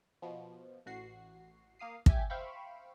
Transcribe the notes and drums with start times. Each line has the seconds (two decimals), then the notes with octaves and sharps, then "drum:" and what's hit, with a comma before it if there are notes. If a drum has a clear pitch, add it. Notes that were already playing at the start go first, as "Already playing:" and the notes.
0.22 B2 F3
0.86 A1 F#4 C7
1.79 A#3 F5 D#6 C7
2.06 G4 E5 G5 G#5 D6, drum: kick
2.30 C5 E5 F5 G5 B5 C#6